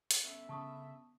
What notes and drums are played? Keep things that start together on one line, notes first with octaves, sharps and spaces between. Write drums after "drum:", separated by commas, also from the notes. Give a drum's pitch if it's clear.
drum: hi-hat
G2 D3 B3 C#4 E5
C#3 A5 B5 C#6 D#6